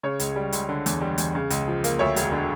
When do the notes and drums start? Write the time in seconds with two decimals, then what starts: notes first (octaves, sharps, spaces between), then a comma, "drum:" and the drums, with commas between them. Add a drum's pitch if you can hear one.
0.03 C#3 C#5
0.20 C#2, drum: hi-hat
0.36 G3
0.52 C#2, drum: hi-hat
0.69 D3
0.86 E2, drum: hi-hat
1.01 G3
1.18 E2, drum: hi-hat
1.35 C#3
1.50 C#2, drum: hi-hat
1.68 F3
1.84 A#3, drum: hi-hat
1.99 D2 C#5 E5
2.16 E1, drum: hi-hat
2.32 D3